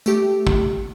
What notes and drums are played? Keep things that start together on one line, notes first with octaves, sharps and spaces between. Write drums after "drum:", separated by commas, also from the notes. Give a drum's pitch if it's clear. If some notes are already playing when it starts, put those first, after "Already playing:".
A3 G4, drum: tambourine
drum: kick